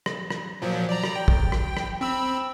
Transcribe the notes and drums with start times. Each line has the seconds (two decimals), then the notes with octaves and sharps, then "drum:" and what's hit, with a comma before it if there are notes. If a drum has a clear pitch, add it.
0.06 drum: rim click
0.30 drum: rim click
0.62 A#2 F3 F#3
0.89 D5 A#5
1.04 drum: rim click
1.16 G5
1.28 drum: kick
1.52 drum: rim click
1.77 drum: rim click
2.01 C4 B5 E6